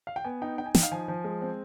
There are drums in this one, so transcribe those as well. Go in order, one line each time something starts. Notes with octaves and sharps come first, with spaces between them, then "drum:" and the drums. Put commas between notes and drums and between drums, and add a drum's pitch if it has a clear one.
F5
G5
B3 G#5
D#4 G5
D#4 G5
G#5
D#4 G5, drum: snare
F5
F3 G#5
F3
G#3
C4